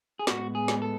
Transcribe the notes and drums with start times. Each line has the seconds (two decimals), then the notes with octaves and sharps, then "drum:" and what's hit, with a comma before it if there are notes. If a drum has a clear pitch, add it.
0.19 G#4
0.27 A2 G#3 B3 F#4, drum: snare
0.55 G#4
0.68 drum: snare
0.82 A4